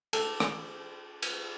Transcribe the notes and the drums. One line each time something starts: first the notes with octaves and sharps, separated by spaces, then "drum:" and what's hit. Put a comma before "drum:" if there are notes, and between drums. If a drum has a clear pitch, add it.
A4, drum: cymbal
drum: rim click
drum: cymbal